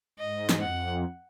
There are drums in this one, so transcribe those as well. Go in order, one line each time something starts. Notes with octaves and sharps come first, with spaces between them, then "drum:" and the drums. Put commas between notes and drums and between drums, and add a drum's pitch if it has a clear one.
G#2 D#5
drum: snare
F2 F#5